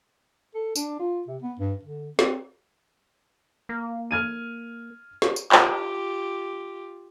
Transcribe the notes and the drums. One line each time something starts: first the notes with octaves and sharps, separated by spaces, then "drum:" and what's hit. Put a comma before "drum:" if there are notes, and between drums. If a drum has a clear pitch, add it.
A4
D4, drum: tambourine
F4
C3
B3
G2
D3
C4, drum: snare
A#3
F6 G#6 D#7
drum: snare
drum: tambourine
F4 G4, drum: clap